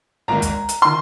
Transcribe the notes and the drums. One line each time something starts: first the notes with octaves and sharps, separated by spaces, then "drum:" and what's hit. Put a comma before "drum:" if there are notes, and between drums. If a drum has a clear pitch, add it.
G#1 G#2 D#3 A#3 A#5
drum: kick, hi-hat
drum: hi-hat
D#3 C6